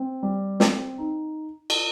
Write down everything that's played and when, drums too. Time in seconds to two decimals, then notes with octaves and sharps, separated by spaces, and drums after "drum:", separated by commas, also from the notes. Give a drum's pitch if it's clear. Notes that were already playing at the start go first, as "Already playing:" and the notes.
Already playing: C4
0.23 G3
0.60 C4, drum: snare
0.98 D#4
1.70 drum: cymbal